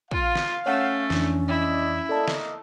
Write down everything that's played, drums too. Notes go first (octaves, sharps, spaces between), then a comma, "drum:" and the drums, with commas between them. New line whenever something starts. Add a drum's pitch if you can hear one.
F4 F5, drum: kick
drum: snare
A3 C#4 C#5 F#5
F2 E3 D4, drum: snare
E4 D5 D#5
A#3 A4 D5 D#5 A5
drum: snare